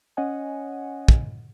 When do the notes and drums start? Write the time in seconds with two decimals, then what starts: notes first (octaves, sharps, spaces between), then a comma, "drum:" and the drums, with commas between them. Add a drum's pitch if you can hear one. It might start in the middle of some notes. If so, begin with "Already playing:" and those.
0.17 C#4 C#5 D#5 F#5 G#5
1.08 drum: kick